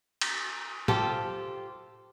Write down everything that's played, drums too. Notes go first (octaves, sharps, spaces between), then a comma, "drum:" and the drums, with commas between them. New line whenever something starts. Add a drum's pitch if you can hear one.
drum: cymbal
F4 G4 A4 C5, drum: tom A2